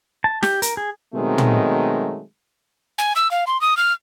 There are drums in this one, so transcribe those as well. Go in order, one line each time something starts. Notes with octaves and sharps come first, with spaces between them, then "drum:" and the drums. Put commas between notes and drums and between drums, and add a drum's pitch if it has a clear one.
A5
G4, drum: snare
A#4, drum: hi-hat
G#4
B2 D#3 F#3 G#3 A3 C4
drum: tom
G#5
E6
F5
C6
D#6
F6